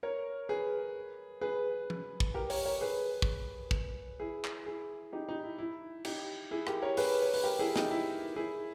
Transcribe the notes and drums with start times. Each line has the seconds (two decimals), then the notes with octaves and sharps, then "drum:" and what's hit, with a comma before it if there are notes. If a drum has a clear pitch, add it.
0.03 A#4 C#5
0.49 G#4 B4
1.41 G#4 B4
1.90 drum: tom F3
2.20 drum: kick
2.34 G4 A#4
2.50 A#4 C#5, drum: open hi-hat
2.65 A#4 C#5
2.81 G#4 B4
3.22 drum: kick
3.71 drum: kick
4.20 E4 G#4
4.44 drum: clap
4.66 E4 G#4
5.13 D#4 G4
5.29 D#4
5.43 E4
5.58 E4
6.05 D#4 G4, drum: cymbal
6.51 E4 G#4
6.67 G4 A#4, drum: rim click
6.82 A#4 C#5
6.97 G#4 B4, drum: open hi-hat
7.22 C#5
7.34 B4, drum: open hi-hat
7.44 G4 A#4
7.59 E4 G#4
7.76 D#4 G4, drum: snare
7.91 E4
8.36 E4 G#4